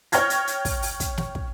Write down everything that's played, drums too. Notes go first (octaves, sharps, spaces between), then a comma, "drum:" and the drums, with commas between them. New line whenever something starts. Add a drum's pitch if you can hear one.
C#5 G5 C#6 F6 G#6 A#6, drum: hi-hat
drum: hi-hat
drum: hi-hat
drum: kick, open hi-hat
drum: open hi-hat
drum: kick, hi-hat
drum: snare
drum: kick